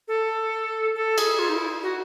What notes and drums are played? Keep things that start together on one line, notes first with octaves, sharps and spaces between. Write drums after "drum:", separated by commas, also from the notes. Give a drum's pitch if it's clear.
A4
A4
G#4, drum: cymbal
F4
D#4
E4
F#4